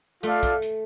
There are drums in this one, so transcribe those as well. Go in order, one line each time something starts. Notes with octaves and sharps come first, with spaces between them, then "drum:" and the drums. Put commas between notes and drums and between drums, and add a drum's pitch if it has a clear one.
A3 F4 A4 D5 F5, drum: hi-hat
drum: kick, hi-hat
drum: hi-hat